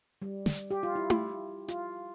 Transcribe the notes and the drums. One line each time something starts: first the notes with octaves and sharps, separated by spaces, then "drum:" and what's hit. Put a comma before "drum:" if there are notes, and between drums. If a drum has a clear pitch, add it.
G3
drum: snare
G4
F4
E4
drum: tom E4
F4, drum: hi-hat